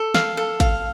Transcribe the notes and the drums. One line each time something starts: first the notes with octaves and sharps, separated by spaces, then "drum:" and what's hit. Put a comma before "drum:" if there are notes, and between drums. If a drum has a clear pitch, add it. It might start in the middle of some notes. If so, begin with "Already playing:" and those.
Already playing: A4
F5, drum: snare
A4
F5, drum: kick, hi-hat